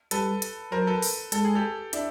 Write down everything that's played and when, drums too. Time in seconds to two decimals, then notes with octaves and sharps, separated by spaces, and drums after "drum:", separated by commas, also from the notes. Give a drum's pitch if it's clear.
0.11 G3 A4 B4, drum: hi-hat
0.42 drum: hi-hat
0.72 F#3 A#4 C5
0.87 A4 B4
1.02 drum: open hi-hat
1.32 G#3 A4, drum: hi-hat
1.45 G#4
1.55 G4 A4
1.93 D4 E4, drum: hi-hat